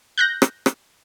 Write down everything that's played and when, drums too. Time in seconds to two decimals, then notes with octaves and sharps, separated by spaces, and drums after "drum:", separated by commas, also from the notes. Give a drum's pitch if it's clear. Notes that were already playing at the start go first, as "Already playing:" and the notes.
0.18 F#6 G6 A#6
0.42 drum: rim click
0.66 drum: rim click